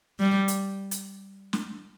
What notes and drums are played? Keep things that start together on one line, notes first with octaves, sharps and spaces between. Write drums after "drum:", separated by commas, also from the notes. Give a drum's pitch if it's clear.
G3
drum: hi-hat
drum: hi-hat
drum: snare